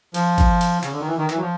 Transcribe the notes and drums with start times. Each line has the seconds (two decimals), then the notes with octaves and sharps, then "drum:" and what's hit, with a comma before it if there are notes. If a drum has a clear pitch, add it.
0.14 F3, drum: cymbal
0.38 drum: kick, cymbal
0.61 drum: cymbal
0.83 C#3, drum: clap
0.92 D3
0.99 D#3
1.06 E3
1.18 D#3
1.29 E3, drum: clap
1.36 F#3
1.41 F3